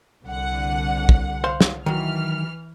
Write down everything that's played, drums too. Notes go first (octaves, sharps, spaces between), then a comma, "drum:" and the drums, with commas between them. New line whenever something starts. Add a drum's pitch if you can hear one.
C2 D3 F#5
drum: kick
C5 F5 C6
drum: snare
D#3 E3 F#3 F6